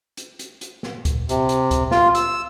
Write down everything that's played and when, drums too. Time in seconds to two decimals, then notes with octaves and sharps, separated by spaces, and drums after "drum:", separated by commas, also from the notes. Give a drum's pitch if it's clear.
0.17 drum: hi-hat
0.39 drum: hi-hat
0.61 drum: hi-hat
0.83 drum: snare
1.05 drum: kick D2, hi-hat
1.29 C3, drum: hi-hat
1.49 drum: hi-hat
1.71 drum: kick D2, hi-hat
1.91 F4, drum: snare
2.15 E6, drum: hi-hat